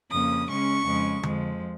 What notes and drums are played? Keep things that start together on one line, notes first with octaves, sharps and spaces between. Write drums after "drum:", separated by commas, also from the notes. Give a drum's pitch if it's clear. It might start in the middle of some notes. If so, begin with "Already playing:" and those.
F2 C#3 A#3 D#6
C#3 G#3 C#4 C#6
F2 C#3 G#3
F2 F3 G#3, drum: tom D3